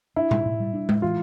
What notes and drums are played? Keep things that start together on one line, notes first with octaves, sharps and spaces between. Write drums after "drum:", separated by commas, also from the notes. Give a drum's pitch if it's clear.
D4 E4
A2, drum: tom B2
A2
G3
D4
A2, drum: tom G#3
E3 F4